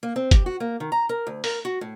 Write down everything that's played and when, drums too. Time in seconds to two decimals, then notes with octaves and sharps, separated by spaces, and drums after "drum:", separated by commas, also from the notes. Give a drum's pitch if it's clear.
0.03 A#3
0.16 C4
0.31 G4, drum: kick, hi-hat
0.46 F#4
0.60 A#3
0.80 D#3
0.92 A#5
1.09 A#4
1.27 D2
1.44 A#4, drum: open hi-hat
1.65 F#4
1.81 A2